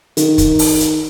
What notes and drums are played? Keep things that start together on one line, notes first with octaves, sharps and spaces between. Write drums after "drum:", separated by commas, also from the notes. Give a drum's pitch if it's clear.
D#3, drum: hi-hat
drum: kick, hi-hat
drum: open hi-hat
drum: hi-hat